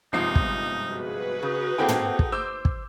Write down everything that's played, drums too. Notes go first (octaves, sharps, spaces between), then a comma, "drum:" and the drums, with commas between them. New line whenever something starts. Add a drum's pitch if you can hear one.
G1 G#2 C3 F3 G#3 D#4 C7
drum: kick
F#4 G#4 B4
C#3 D#4
A#3 C4 E4 A4 F#5 G5
drum: tom
drum: kick
C5 D6 E6 G6
drum: kick